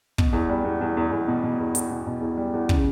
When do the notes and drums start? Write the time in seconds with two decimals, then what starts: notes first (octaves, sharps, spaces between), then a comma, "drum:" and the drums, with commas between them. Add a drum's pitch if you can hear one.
0.18 B2, drum: kick
0.33 E2
0.49 G3
0.65 E2
0.81 E2
0.97 E2
1.12 E2
1.28 B2
1.44 B2
1.59 E2
1.75 E2, drum: hi-hat
1.91 B2
2.07 B2
2.21 E2
2.37 G3
2.54 E2
2.69 C#3, drum: kick